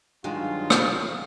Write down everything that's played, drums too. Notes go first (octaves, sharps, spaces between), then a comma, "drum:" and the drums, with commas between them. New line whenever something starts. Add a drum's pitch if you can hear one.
G2 D#3 F#3 G#3 F4
drum: rim click